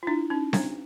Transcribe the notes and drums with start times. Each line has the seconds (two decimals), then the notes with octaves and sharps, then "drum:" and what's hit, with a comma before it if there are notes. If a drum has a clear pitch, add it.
0.03 F4
0.07 D4 E4
0.30 C#4 D#4
0.53 C4 D4, drum: snare C4